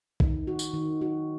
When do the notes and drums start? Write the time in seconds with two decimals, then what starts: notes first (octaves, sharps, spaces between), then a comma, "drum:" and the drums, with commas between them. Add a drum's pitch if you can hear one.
0.20 D#3, drum: kick
0.47 F#4
0.59 drum: tambourine
0.74 D#3
1.01 F#4